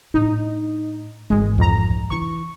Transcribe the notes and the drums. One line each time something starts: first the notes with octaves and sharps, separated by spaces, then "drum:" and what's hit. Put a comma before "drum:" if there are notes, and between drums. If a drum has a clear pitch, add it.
A2 D4 D#4
G#1 E3 G#3
F2 A#5, drum: kick C2
drum: kick C2
E3 E4 C#6